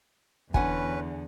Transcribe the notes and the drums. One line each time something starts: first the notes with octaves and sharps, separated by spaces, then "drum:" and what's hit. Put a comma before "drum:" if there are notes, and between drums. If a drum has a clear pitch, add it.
E2 D3 C#4 B4 F#5 G#5, drum: kick